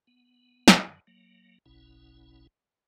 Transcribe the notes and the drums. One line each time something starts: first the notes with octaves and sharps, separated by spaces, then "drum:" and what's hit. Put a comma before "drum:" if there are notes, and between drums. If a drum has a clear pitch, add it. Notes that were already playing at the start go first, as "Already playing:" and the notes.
B3
drum: snare
F#2 D3 D#3 F#3
F#3 A#3
F#1 B1 B2 C#4 E4